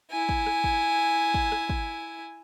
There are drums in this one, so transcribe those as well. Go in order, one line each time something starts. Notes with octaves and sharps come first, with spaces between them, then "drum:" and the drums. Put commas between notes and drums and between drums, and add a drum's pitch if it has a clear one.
E4 G#5
drum: kick
drum: rim click
drum: kick
drum: kick
drum: rim click
drum: kick